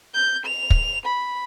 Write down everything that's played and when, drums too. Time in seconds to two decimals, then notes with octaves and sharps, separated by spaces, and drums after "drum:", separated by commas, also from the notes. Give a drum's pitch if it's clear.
0.14 G6
0.46 F7
0.70 drum: kick
1.06 B5